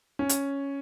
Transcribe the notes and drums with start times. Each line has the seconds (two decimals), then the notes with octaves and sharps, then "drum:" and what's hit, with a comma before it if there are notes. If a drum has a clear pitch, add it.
0.19 C#4
0.29 drum: hi-hat